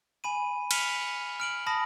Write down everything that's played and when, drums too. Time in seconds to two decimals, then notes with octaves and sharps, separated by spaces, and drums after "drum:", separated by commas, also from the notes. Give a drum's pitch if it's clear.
0.24 G#5 B5 D#7
0.71 F6 B6 C#7 D#7 F7 F#7, drum: cymbal
1.40 F6 D7 F#7
1.67 A5 B5 D#6 A#6